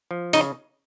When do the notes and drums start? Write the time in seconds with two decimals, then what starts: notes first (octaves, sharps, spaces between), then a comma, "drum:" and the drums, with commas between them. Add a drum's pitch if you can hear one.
0.11 F3
0.33 C#3 D#4 D#5, drum: open hi-hat